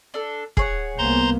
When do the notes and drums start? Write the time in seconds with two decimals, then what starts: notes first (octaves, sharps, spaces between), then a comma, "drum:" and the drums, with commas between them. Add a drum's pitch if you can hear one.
0.14 D4 A4
0.57 G#4 C#5 F#5, drum: kick E1
0.98 C2 A#3 B3 C5 A#5 C6